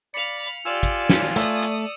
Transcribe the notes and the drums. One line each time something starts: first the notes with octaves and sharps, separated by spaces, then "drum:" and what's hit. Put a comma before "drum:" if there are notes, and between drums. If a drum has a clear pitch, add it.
D5 F5 B5 C#7 F7
F4 G4 D5 G#5 E6 E7
drum: kick, hi-hat
drum: snare
A3 D5 D#6 E6, drum: hi-hat
drum: hi-hat